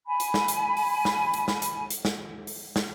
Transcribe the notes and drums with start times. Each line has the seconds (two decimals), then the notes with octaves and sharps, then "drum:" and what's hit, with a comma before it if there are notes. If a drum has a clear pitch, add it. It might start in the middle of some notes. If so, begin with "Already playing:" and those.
0.06 G#5 B5
0.20 drum: hi-hat
0.34 drum: snare
0.48 drum: hi-hat
0.77 drum: open hi-hat
1.05 drum: snare
1.34 drum: hi-hat
1.48 drum: snare
1.62 drum: hi-hat
1.90 drum: hi-hat
2.05 drum: snare
2.47 drum: open hi-hat
2.76 drum: snare